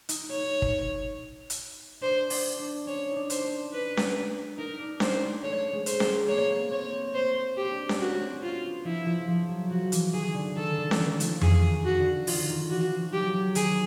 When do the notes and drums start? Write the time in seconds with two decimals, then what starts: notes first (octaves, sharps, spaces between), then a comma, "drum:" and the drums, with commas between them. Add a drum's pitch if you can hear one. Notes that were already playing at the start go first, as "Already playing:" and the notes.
0.09 D#4, drum: hi-hat
0.31 C#5
0.62 drum: kick
1.50 drum: hi-hat
2.01 D4 C5
2.30 D4, drum: open hi-hat
2.59 D4
2.86 C#4 C#5
3.11 D4 D#4
3.30 C5, drum: hi-hat
3.44 D4
3.73 B4
3.97 drum: snare C#4
4.58 D#4 A#4
4.79 D4
5.00 D4 C5, drum: snare C#4
5.22 C#4
5.43 A3 C#5
5.72 G#3
5.86 C5, drum: hi-hat
6.00 A3, drum: snare C#4
6.28 A#3 C#5
6.50 B3
6.71 C4 C#5
6.92 C4
7.14 C4 C5
7.57 G4
7.71 D4
7.89 drum: snare C#4
7.99 C#4 F#4
8.21 C4
8.33 C#4
8.42 C4 F4
8.64 B3
8.85 F3 E4
9.06 F3
9.28 F3
9.49 F#3
9.70 F3 F#4
9.92 E3, drum: hi-hat
10.13 D#3 G#4
10.34 D3
10.56 D#3 A4
10.78 D3
10.91 E3, drum: snare C#4
10.99 D#3
11.20 F3, drum: hi-hat
11.41 E3 G#4, drum: tom F2
11.70 D#3
11.85 F#4
11.99 D3
12.27 D#3 F4, drum: open hi-hat
12.49 D#3
12.70 E3 F#4
12.91 F3
13.12 F#3 G4
13.34 F#3
13.55 D#3 G#4, drum: hi-hat